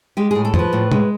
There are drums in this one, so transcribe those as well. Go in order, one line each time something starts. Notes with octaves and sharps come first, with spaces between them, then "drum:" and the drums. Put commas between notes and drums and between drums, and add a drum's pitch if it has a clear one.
G#3 G4
A2 G#4
A4
F3, drum: tom
B4
A2
G#3, drum: tom